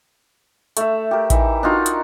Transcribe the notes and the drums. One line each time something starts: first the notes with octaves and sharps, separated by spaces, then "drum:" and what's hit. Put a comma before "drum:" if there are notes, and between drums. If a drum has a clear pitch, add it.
A3 E5, drum: hi-hat
G4 A#4
E3 D#4 E5 A#5, drum: kick A1, hi-hat
D4 D#4 F4 F#4
drum: hi-hat